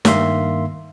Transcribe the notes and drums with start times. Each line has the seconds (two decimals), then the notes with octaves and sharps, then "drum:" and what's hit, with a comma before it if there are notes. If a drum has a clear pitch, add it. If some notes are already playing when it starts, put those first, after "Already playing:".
0.05 G2 D#3 A#3 E5 C6, drum: snare